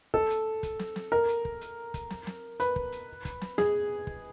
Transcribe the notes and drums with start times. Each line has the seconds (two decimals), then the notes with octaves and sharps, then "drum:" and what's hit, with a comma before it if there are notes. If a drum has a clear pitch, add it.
0.14 A4, drum: kick
0.30 drum: hi-hat
0.63 drum: kick, hi-hat
0.79 drum: snare
0.96 drum: snare
1.12 A#4
1.29 drum: hi-hat
1.45 drum: kick
1.61 drum: hi-hat
1.94 drum: kick, hi-hat
2.10 drum: snare
2.27 drum: snare
2.60 B4, drum: hi-hat
2.76 drum: kick
2.92 drum: hi-hat
3.25 drum: kick, hi-hat
3.41 drum: snare
3.58 G#4, drum: snare
4.07 drum: kick